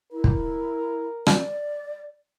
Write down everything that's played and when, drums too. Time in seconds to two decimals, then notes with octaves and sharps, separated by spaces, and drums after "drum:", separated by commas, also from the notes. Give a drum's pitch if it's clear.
0.13 E4 A#4
0.24 drum: kick
1.27 D5, drum: rim click